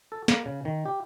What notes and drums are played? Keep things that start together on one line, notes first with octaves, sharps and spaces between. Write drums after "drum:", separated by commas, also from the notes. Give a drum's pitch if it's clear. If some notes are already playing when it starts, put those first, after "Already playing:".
A4
A#3, drum: snare
C#3
D#3
G4